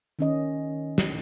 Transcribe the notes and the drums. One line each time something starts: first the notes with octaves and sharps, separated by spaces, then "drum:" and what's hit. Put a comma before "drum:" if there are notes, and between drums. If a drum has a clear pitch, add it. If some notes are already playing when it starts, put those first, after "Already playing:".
D#3 C#4 D#5
drum: snare